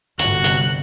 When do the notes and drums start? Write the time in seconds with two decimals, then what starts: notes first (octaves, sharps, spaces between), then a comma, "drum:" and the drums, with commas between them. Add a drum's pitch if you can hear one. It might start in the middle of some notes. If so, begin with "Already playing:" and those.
0.19 G1 C3 G3 F#4 F#6, drum: hi-hat
0.44 drum: hi-hat